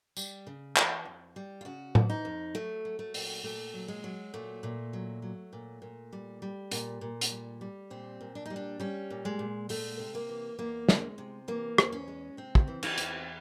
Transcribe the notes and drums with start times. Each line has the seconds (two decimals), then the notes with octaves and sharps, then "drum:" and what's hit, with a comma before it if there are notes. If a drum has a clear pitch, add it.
0.17 G3, drum: tambourine
0.47 C#3
0.76 E3, drum: clap
1.05 F2
1.36 G3
1.61 F4
1.65 C#3 F#4
1.95 E3, drum: tom A2
2.10 D#4
2.25 F2
2.55 F#3 A3
2.85 F#3
2.99 A3
3.14 A#2, drum: open hi-hat
3.44 A#2 A3
3.74 F#3
3.88 G#3
4.04 F#3
4.34 A#2 A3
4.63 A#2
4.93 F#3
5.22 F#3
5.53 A#2
5.82 A#2
6.13 G3
6.42 G3
6.71 A#2, drum: hi-hat
7.01 A#2
7.21 drum: hi-hat
7.31 G3
7.61 G3
7.90 A#2 C4
8.21 A#2
8.35 D4
8.46 G3 D#4
8.56 D4
8.80 G3 C#4
9.10 A#2
9.25 G#3
9.39 A#2
9.69 G#3 A3, drum: open hi-hat
9.99 C3
10.15 A#3
10.29 E3
10.59 E2 A#3
10.89 G#3, drum: snare
11.18 C3
11.48 E3 A#3
11.78 E2, drum: rim click
11.92 C#4
12.08 G#3
12.37 C3 C4
12.55 drum: kick
12.68 E3
12.83 C4, drum: cymbal
12.98 E2, drum: hi-hat